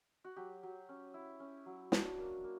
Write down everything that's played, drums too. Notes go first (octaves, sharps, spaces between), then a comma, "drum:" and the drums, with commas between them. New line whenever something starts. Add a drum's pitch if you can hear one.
F#4
F#3 G4
F#3
C#4
E4
C#4
F#3
D4 F#4, drum: snare
A#3
A#3